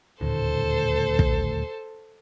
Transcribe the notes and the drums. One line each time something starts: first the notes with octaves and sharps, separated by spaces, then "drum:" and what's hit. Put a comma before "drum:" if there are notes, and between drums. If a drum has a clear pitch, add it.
D#1 D2 A2 A4 C5
drum: kick